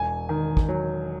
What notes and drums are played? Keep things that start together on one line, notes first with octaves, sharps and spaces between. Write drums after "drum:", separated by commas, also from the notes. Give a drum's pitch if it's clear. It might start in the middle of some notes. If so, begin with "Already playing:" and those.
Already playing: E1 G#5
D#3
drum: kick
F#3